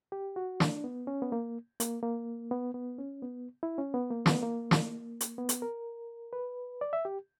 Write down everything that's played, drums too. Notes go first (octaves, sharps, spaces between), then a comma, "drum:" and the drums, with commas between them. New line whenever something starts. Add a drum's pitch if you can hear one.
G4
F#4
D4, drum: snare
B3
C#4
B3
A#3
A#3, drum: hi-hat
A#3
B3
B3
C#4
B3
E4
C#4
B3
A#3
B3, drum: snare
A#3
drum: snare
drum: hi-hat
B3
drum: hi-hat
A#4
B4
D5
E5
G4